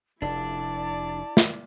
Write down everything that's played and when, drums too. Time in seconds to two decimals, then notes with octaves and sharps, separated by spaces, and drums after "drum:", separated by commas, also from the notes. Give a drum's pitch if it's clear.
0.22 F1 D4 E4 D5 A5
1.37 drum: snare